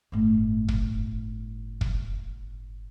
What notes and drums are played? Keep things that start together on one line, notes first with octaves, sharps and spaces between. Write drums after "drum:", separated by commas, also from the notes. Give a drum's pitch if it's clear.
G1 A2
drum: kick
drum: kick